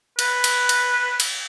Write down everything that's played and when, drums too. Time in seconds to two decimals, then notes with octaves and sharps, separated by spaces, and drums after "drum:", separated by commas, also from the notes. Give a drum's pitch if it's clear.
0.19 B4, drum: cymbal
0.44 drum: cymbal
0.69 drum: cymbal
1.20 drum: cymbal